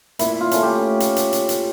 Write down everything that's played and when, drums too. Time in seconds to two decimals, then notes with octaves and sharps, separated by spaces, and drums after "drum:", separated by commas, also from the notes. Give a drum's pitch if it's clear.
0.19 A#2 E4, drum: hi-hat
0.41 F4
0.51 A3 C#4, drum: hi-hat
0.63 G4
1.00 drum: hi-hat
1.16 drum: hi-hat
1.33 drum: hi-hat
1.49 drum: hi-hat